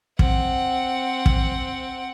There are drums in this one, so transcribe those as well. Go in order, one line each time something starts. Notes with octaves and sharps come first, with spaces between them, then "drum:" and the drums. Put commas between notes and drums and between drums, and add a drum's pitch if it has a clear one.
C4 F#5, drum: kick
drum: kick